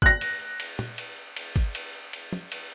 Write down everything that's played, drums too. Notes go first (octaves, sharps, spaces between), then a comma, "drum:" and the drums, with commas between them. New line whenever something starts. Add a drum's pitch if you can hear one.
F#6 A#6, drum: kick
drum: cymbal
drum: cymbal
drum: tom
drum: cymbal
drum: cymbal
drum: kick
drum: cymbal
drum: cymbal
drum: tom
drum: cymbal